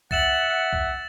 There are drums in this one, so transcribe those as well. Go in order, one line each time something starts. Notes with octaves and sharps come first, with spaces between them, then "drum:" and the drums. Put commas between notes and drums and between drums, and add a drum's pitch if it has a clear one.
E5 F#5 A6 E7 F#7, drum: kick B1
drum: kick B1